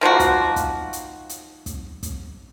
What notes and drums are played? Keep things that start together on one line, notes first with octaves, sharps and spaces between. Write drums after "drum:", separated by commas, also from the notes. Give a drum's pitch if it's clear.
D#3 F3 A#3 F#4
drum: kick, hi-hat
drum: kick, hi-hat
drum: hi-hat
drum: hi-hat
drum: kick, hi-hat
drum: kick, hi-hat